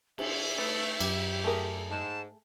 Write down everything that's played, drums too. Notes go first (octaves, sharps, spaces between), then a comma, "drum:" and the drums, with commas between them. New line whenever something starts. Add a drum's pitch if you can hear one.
E5, drum: cymbal
A3 D#4 B4 A6 C#7
F#2 G4, drum: cymbal
A3 G#4 A#4
G#2 A5